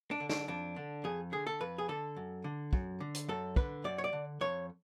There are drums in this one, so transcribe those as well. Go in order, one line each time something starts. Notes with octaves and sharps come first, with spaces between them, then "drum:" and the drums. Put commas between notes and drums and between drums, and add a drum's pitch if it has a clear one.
D4
D3
D4, drum: snare
F2 D4
D3
F2 G#4
D3 G#4
A4
F2 B4
G#4
D3 A4
F#2
D3
F#2, drum: kick
D3
drum: hi-hat
F#2 A4
D3 B4, drum: kick
F#2 D5
C#5
D5
D3
F2 C#5